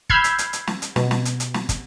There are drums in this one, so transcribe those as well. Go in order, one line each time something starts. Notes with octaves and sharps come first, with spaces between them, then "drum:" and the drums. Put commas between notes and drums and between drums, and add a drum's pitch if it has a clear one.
B5 E6 F6 G6 G#6 C7, drum: kick
drum: hi-hat
drum: hi-hat
drum: hi-hat
drum: snare
drum: hi-hat
B2, drum: snare
drum: snare
drum: hi-hat
drum: hi-hat
drum: snare
drum: kick, hi-hat